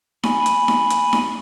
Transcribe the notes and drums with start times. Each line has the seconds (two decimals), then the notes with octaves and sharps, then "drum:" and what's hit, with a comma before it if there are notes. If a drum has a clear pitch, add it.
0.23 G#5 B5, drum: snare D#4
0.46 drum: hi-hat
0.68 drum: snare D#4
0.90 drum: hi-hat
1.13 drum: snare D#4